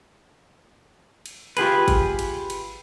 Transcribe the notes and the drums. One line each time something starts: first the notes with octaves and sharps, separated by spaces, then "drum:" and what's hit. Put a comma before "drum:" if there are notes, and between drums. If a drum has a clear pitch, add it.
drum: cymbal
F4 G4 G#4 B4, drum: cymbal
drum: kick, cymbal
drum: cymbal
drum: cymbal